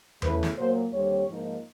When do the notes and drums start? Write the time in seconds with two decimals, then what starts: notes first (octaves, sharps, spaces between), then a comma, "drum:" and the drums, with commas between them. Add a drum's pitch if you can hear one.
0.22 E2 C#3 E3 A3 B4, drum: tom E2
0.43 drum: snare
0.57 A#2 F#3 A#3 C5
0.92 D#2 D3 G3 C4 C#5
1.27 G#2 F3 A#3 D#4